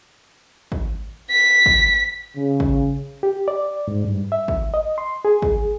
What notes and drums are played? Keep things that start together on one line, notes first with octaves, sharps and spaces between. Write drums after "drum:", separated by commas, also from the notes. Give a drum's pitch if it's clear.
drum: kick
B6
drum: kick
C#3
drum: kick
G4
D5
G#2
G2
E5
drum: kick
D#5
C6
G#4
drum: kick